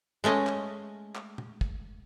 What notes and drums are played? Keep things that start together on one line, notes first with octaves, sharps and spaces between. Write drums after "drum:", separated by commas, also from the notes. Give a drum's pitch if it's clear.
G#3 A3 C#4 D#5
drum: clap
drum: clap
drum: tom A#2
drum: kick